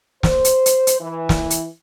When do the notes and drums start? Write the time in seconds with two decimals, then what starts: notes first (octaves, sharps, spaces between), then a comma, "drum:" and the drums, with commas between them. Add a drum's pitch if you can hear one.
0.23 C5, drum: snare
0.44 drum: hi-hat
0.66 drum: hi-hat
0.87 drum: hi-hat
1.00 E3
1.29 drum: snare
1.50 drum: hi-hat